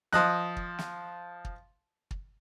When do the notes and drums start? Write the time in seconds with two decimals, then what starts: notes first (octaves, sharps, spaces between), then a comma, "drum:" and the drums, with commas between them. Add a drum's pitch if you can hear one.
0.13 F3 D#5 F#6, drum: snare
0.57 drum: kick
0.79 drum: snare
1.45 drum: kick
2.11 drum: kick